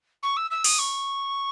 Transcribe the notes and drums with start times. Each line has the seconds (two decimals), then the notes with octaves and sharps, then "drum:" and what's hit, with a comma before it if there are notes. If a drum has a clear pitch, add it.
0.22 C#6
0.36 E6
0.50 E6
0.64 D#6, drum: open hi-hat
0.78 C#6